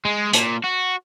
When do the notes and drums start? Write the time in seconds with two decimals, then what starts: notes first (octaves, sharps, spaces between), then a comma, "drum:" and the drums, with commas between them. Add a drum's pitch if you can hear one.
0.05 G#3
0.33 A#2, drum: hi-hat
0.64 F#4